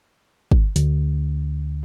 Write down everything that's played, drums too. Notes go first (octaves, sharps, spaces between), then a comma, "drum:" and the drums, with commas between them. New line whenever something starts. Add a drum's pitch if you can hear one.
drum: kick
D2, drum: hi-hat